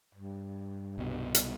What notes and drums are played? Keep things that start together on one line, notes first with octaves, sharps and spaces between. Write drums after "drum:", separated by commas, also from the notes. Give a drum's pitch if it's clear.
G2
C2 B2
drum: hi-hat